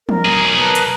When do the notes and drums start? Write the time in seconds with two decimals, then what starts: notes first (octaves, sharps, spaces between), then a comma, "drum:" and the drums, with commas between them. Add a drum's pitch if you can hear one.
0.09 A#4, drum: tom E3
0.25 B1 G#4
0.58 A#4 B4 A5
0.75 drum: hi-hat